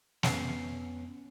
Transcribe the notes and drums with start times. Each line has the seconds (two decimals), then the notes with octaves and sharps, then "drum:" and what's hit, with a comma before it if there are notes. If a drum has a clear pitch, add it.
0.23 F2 B3 C#4 C7, drum: snare